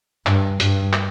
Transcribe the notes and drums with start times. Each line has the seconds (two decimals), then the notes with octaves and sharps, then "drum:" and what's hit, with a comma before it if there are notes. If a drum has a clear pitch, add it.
0.26 G2, drum: clap
0.60 G2, drum: hi-hat
0.93 drum: clap